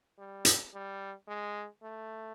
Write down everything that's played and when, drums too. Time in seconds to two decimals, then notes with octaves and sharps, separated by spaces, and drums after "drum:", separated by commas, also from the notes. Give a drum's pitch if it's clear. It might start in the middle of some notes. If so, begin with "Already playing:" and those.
0.18 G3
0.45 drum: hi-hat
0.74 G3
1.28 G#3
1.83 A3